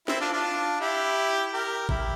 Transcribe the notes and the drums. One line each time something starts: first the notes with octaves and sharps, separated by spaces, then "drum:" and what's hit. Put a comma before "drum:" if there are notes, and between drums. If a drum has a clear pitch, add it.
C4 E4, drum: snare
D4 F4
D4 F4
E4 G4
G4 A#4
E4 G4, drum: kick A1